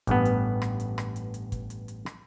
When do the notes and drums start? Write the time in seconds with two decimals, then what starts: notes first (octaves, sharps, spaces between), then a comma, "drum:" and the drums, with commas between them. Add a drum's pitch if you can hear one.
0.07 A1 G2 B3, drum: kick, hi-hat
0.25 drum: hi-hat
0.62 drum: rim click
0.80 drum: hi-hat
0.98 drum: rim click
1.16 drum: hi-hat
1.34 drum: hi-hat
1.52 drum: kick, hi-hat
1.70 drum: hi-hat
1.88 drum: hi-hat
2.06 drum: rim click